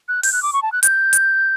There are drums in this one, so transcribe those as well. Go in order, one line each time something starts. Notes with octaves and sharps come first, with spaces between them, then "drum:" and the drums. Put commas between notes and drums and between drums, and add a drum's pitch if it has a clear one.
F#6
G6, drum: open hi-hat
F#6
D6
C#6
A5
F#6
G6, drum: hi-hat
drum: hi-hat